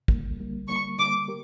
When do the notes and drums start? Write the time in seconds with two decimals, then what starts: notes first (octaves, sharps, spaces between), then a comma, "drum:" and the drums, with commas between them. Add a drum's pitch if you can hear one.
0.08 D3 G3 A#3, drum: kick
0.39 D3 G3 A#3
0.68 D3 G3 A#3 C#6
0.99 D3 G3 A#3 D6
1.28 G4 A#4